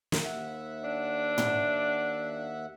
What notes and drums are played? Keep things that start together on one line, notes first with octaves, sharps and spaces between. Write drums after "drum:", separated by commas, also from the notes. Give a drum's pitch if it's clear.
drum: snare
D#2 E5 F#5
D4
drum: tom